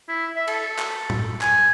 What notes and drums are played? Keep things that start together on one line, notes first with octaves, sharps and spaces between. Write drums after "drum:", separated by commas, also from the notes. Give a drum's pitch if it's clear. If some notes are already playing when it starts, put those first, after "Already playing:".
E4
E5
A4, drum: cymbal
drum: clap
drum: tom
G#5, drum: clap